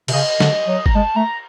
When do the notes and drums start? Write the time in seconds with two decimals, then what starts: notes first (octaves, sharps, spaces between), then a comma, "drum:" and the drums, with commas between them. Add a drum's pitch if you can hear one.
0.08 C3, drum: cymbal
0.13 C#3 D#5
0.40 D3, drum: snare
0.68 F#3
0.86 A#5, drum: kick G1
0.95 G#3 A5
1.16 A3 A#5